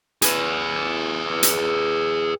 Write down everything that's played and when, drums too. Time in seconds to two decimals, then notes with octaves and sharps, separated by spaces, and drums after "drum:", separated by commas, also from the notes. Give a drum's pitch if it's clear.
0.22 G#4 B4, drum: hi-hat
1.43 drum: hi-hat